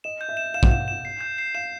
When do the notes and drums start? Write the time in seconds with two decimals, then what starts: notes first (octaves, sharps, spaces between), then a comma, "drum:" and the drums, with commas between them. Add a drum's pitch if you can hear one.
0.04 D#5 E7
0.21 G6
0.29 E5
0.37 E7
0.54 F5 E7
0.63 F#5, drum: kick
0.70 F5 E7
0.88 E7
1.05 C7
1.21 G6
1.38 C7
1.55 F5 E7